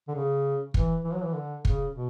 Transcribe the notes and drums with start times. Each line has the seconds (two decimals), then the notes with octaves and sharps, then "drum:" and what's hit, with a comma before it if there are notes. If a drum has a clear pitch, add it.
0.08 D3
0.15 C#3
0.74 E3, drum: kick
1.04 E3
1.14 F#3
1.23 E3
1.34 D3
1.65 C#3, drum: kick
1.94 B2